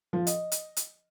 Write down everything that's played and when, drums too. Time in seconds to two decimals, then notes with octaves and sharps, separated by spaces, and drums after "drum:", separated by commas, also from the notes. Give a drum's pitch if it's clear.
0.13 F3
0.27 D#5, drum: hi-hat
0.52 drum: hi-hat
0.77 drum: hi-hat